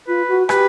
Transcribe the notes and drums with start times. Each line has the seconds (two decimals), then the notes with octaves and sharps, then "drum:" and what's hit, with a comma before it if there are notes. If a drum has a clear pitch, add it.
0.07 F4 B4
0.28 F#4
0.49 G4 B4, drum: rim click